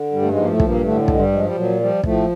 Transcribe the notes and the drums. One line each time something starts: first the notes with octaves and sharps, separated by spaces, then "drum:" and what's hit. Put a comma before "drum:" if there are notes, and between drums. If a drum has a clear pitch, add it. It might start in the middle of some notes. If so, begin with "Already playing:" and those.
Already playing: D3
G2 G3
A3
G#2 G#3
F3 A#3
A2 A3
G2, drum: kick
A#2 A#3
A2 D3 A3
A3
G2 G#3, drum: kick
G3
F3 G#3
G3
A#2 F#3
F3 G3
A2 F3 A3, drum: kick